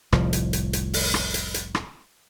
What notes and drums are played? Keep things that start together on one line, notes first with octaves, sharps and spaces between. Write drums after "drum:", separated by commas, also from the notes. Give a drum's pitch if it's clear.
F1 C2 A2 F3, drum: rim click
drum: hi-hat
drum: hi-hat
drum: hi-hat
drum: open hi-hat
drum: rim click
drum: hi-hat
drum: hi-hat
drum: rim click